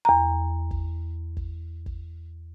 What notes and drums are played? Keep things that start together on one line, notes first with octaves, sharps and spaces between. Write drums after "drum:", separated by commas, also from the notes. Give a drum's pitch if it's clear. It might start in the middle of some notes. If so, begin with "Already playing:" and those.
E2 A#5
drum: kick
drum: kick
drum: kick